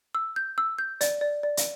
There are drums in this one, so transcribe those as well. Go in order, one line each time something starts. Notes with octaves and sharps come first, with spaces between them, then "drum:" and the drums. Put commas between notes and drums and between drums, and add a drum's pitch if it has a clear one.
E6
G6
E6
G6
D5, drum: hi-hat
D5
D5
drum: hi-hat